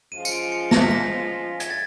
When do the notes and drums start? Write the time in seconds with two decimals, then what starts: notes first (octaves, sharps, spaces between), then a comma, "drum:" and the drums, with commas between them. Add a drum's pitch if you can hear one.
0.12 F3 G#3 C#4 F4 D#7
0.25 C#7, drum: tambourine
0.32 D7
0.52 C#7
0.71 A#6, drum: snare
0.81 B6
0.91 A#6
1.60 G#6, drum: hi-hat
1.70 A6